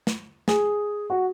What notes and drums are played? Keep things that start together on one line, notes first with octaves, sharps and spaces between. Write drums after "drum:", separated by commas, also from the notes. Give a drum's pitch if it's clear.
drum: snare
G#4, drum: snare
F#4